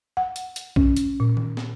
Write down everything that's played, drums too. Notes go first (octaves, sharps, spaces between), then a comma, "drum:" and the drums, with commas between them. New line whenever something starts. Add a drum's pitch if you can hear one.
F#5
drum: hi-hat
drum: hi-hat
C#4, drum: kick A#1
drum: hi-hat
A#2
drum: tom D#3
drum: snare